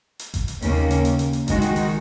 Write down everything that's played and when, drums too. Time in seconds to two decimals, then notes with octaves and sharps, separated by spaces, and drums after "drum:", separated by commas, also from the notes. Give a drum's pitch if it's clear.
0.19 drum: hi-hat
0.34 drum: kick G#1, hi-hat
0.48 drum: hi-hat
0.62 D#2 C#3 A#3 C#4, drum: open hi-hat
0.91 drum: hi-hat
1.05 drum: hi-hat
1.19 drum: hi-hat
1.33 drum: hi-hat
1.48 D#3 G#3 F#4, drum: kick G#1, hi-hat
1.62 drum: hi-hat
1.76 drum: open hi-hat